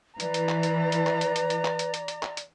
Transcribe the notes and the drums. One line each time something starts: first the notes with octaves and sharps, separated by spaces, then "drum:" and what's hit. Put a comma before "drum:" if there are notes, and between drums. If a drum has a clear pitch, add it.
E3 B4 D5 A#5, drum: hi-hat
drum: hi-hat
drum: clap
drum: hi-hat
drum: hi-hat
drum: clap
drum: hi-hat
drum: hi-hat
drum: hi-hat
drum: clap
drum: hi-hat
drum: hi-hat
drum: hi-hat
drum: clap
drum: hi-hat